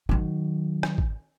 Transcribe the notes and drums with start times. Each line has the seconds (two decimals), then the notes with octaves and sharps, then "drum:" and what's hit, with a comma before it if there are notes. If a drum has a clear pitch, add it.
0.09 D#3 F#3, drum: kick G#1
0.83 drum: rim click
0.98 drum: kick G#1